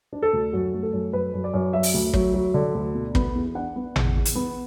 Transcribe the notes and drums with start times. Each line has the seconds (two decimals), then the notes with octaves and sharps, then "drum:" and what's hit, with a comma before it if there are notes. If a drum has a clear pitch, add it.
0.13 D4
0.22 A4
0.33 D2
0.53 F#2 F#4
0.74 A3
0.83 A4
0.93 F#2
1.13 F#2 B4
1.34 F#2
1.44 D5
1.54 F#2
1.73 F#3 E5
1.83 drum: open hi-hat
1.94 D2
2.14 F#3, drum: kick
2.34 F#3
2.54 D3
2.75 D2
2.94 B2
3.15 B3, drum: kick
3.35 E2
3.55 D4 F#5
3.76 B3
3.96 E2, drum: tom A1
4.16 E2
4.25 drum: hi-hat
4.35 B3